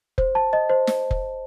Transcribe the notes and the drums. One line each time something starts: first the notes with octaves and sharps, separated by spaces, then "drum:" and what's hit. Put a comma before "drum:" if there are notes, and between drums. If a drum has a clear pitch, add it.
C5, drum: kick F1
A5
D#5
C5
drum: snare
drum: kick F1